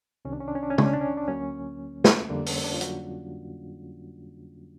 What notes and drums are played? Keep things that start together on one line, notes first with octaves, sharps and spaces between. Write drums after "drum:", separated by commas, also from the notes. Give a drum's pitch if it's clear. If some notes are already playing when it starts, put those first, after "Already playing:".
C2 C3 D#3 C#4
D4
C#4
D4
C#4
D4
C#4
D4, drum: tom
C#4
D4
C#4
D4
D2 D3 F#3 A#3 C#4
drum: snare
F2 D3 G3 A#3 D4
C#4, drum: open hi-hat
D4
F4
F#3 F#4, drum: hi-hat